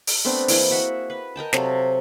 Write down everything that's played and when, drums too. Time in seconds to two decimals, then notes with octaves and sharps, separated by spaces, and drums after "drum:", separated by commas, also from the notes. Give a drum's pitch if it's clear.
0.07 drum: open hi-hat
0.25 A3 B3 C4 D4
0.48 E3 A#3 G#4 D#5, drum: open hi-hat
0.71 F#4 E5 F#5
1.10 B4
1.36 A#4 D#5 G5 A5
1.53 C3 F#3 A4 F5, drum: snare